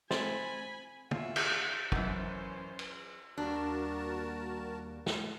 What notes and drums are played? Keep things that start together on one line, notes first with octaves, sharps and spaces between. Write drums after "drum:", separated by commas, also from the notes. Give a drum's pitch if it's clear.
C4 C5 G#5 B5 A6, drum: snare
F4 F#4 E5, drum: tom
drum: cymbal
F#2 E3 F#3 C#4 C5 F#5, drum: kick
drum: cymbal
D#2 G3 A#3 D4 F#4 A#4 A5
drum: snare